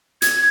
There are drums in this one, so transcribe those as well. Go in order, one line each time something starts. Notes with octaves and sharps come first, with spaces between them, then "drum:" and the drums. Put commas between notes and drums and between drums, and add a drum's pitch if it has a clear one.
G#6, drum: hi-hat